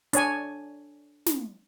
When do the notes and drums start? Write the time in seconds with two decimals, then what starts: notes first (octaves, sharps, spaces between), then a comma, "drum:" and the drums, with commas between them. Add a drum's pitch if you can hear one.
0.13 D4 C#5 G#5, drum: hi-hat
1.27 drum: snare